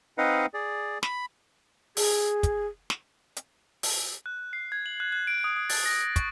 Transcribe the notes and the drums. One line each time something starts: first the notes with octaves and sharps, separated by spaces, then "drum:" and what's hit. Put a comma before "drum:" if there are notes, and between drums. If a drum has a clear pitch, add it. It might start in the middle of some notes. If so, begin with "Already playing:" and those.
C4 D#4 B4 D#5 F5 F#5
G#4 D5
B5, drum: snare
G#4, drum: open hi-hat
drum: kick, hi-hat
drum: snare
drum: hi-hat
drum: open hi-hat
F#6
C7
G#6
F#7
F#6
F#6
D7
D#6
D#6
A6, drum: open hi-hat
A#6
C#6, drum: kick, hi-hat